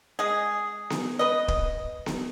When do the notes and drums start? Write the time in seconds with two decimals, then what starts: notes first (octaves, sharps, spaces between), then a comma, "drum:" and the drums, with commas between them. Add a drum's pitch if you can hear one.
0.19 G#3 G#4
0.90 drum: snare B3
1.19 B4 D#5
1.48 drum: kick
2.06 drum: snare B3